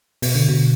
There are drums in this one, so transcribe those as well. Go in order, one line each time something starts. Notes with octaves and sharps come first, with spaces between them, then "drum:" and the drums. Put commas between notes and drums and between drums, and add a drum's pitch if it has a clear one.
B2, drum: open hi-hat
D3
B2